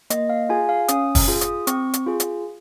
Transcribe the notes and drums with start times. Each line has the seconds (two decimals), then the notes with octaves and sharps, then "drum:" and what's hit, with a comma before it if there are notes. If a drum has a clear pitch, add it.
0.10 A#3 D#5, drum: hi-hat
0.29 F5
0.49 F4 G#4 G#5
0.69 F5
0.88 C#4 D#6, drum: hi-hat
1.15 drum: kick, open hi-hat
1.28 F4 G#4
1.41 D#6, drum: hi-hat
1.67 C4 C#6, drum: hi-hat
1.94 drum: hi-hat
2.06 F4 G#4
2.20 drum: hi-hat